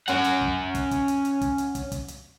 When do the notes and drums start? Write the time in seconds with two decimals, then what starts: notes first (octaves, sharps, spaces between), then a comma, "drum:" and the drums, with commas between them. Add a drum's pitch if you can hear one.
0.08 C#4 F#5, drum: hi-hat
0.24 drum: hi-hat
0.41 drum: kick
0.75 drum: kick, hi-hat
0.91 drum: kick, hi-hat
1.08 drum: hi-hat
1.25 drum: hi-hat
1.41 drum: kick, hi-hat
1.58 drum: hi-hat
1.75 drum: kick, hi-hat
1.92 drum: kick, hi-hat
2.08 drum: hi-hat